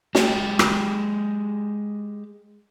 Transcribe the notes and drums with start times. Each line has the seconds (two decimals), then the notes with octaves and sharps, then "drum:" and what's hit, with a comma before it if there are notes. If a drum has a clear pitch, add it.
0.15 G#3 G4, drum: snare
0.59 drum: rim click